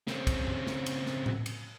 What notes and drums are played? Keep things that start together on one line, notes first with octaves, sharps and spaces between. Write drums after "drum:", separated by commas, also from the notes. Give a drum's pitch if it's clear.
C#3 C4, drum: snare
drum: kick B1, cymbal
drum: tom F#2
drum: snare
drum: cymbal
drum: snare
drum: tom A2
drum: cymbal